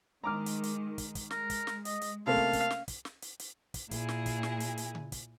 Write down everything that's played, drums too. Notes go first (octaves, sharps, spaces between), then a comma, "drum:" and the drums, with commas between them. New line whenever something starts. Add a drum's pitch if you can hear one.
D#3 G#3 A#5 D6 F6
drum: hi-hat
drum: hi-hat
drum: kick, hi-hat
drum: kick, hi-hat
G#3 A#4, drum: snare
drum: kick, hi-hat
drum: snare
D#5, drum: hi-hat
drum: hi-hat
C3 A3 A#3 C#4 F5 A5
drum: kick
drum: kick, hi-hat
drum: snare
drum: kick, hi-hat
drum: snare
drum: hi-hat
drum: hi-hat
drum: kick, hi-hat
A#2 E4 G#4, drum: kick, hi-hat
drum: snare
drum: kick, hi-hat
drum: snare
drum: hi-hat
drum: hi-hat
drum: tom C#3
drum: kick, hi-hat